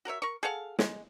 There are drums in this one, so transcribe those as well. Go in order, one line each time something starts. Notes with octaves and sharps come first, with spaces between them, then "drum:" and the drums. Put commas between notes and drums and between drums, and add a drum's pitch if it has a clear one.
F#4 A#4 C#5 E5
A#4 C#6
G#4 A4 F5 F#5
G#3, drum: snare